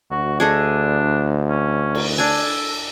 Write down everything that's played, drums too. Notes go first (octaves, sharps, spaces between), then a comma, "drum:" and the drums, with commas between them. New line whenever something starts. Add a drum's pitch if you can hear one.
D2 F#4
D4 G#4 A4 D#5
C#4
drum: cymbal
D4 A4 G#5